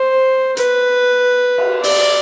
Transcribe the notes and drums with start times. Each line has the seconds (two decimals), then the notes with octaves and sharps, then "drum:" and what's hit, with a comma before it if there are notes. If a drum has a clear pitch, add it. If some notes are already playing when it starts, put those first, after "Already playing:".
Already playing: C5
0.57 B4, drum: hi-hat
1.58 drum: cymbal
1.83 D5, drum: open hi-hat